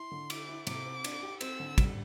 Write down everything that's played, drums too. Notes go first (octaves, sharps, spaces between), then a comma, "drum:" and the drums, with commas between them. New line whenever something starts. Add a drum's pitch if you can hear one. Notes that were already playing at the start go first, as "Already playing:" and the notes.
Already playing: E4 C6
D3
E4 D6, drum: cymbal
E4
C3 D6, drum: cymbal
C4
D4, drum: cymbal
G4
C4 E6, drum: cymbal
D3
G3, drum: kick, cymbal